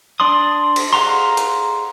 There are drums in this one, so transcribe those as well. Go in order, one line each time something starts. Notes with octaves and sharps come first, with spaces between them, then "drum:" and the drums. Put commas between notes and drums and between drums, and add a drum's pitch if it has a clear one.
D4 D5 C6 D#6
drum: cymbal
G#4 F5 F#5 A#5 C6
drum: hi-hat